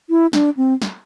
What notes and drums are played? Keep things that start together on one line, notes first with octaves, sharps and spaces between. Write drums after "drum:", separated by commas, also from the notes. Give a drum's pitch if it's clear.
E4
D4, drum: snare
C4
drum: snare